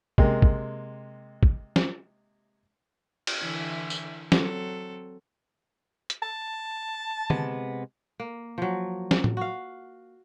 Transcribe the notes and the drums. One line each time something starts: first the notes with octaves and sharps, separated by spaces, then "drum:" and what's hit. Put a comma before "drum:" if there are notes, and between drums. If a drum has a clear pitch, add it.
C3 G#3 A#3, drum: kick
drum: kick
drum: kick
drum: snare
drum: cymbal
D3 E3 E4
drum: tambourine
F#3 C4 A4, drum: snare
drum: hi-hat
A5
C3 G#3 B3, drum: tom D3
A#3
F3 F#3
drum: snare
drum: tom A2
F#4 F5